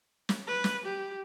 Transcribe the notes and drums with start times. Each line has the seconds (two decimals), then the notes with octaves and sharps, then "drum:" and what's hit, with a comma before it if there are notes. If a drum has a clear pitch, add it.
0.29 drum: snare
0.47 B4
0.64 drum: snare
0.86 G4